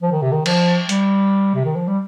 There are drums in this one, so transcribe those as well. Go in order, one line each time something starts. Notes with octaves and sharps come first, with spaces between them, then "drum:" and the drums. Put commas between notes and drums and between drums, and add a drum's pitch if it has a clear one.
F3
D#3
C3
D#3
F3, drum: cymbal
G3, drum: hi-hat
C3
D#3
F3
G3